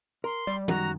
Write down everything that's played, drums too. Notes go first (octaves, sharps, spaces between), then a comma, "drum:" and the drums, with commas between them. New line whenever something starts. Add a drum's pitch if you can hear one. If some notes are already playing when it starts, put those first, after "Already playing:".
A#4 C6
G3 D5
F#2 D#3 F#4 A#5, drum: tom